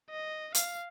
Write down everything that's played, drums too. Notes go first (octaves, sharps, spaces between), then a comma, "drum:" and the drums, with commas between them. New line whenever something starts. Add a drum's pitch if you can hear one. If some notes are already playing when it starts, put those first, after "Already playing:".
D#5
F5, drum: hi-hat